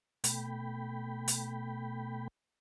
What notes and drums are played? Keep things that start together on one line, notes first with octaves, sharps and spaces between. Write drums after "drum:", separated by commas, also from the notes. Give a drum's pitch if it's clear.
B2 A3 G5 B5, drum: hi-hat
drum: hi-hat